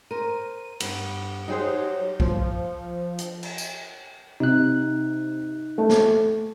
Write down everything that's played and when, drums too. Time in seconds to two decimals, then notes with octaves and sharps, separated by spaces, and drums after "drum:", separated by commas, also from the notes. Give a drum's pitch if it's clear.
0.11 A#4 C5 D#7
0.80 G2 B3, drum: cymbal
1.48 F#3 D#4 G4 G#4 C5
2.20 F3, drum: kick A#1
3.19 drum: hi-hat
3.43 drum: cymbal
3.58 drum: tambourine
4.40 C3 D#4 F#6
5.78 A3
5.90 drum: snare